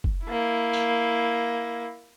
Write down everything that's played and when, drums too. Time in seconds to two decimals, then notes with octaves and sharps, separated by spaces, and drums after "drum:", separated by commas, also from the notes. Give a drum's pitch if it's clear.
0.04 drum: kick
0.25 A#3 E4
0.73 drum: tambourine